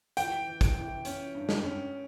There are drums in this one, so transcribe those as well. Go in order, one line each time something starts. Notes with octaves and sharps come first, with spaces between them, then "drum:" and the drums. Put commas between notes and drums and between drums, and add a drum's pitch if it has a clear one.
E3 G5, drum: hi-hat
E3
drum: kick, hi-hat
E3
C#4, drum: hi-hat
G2
drum: snare
C#4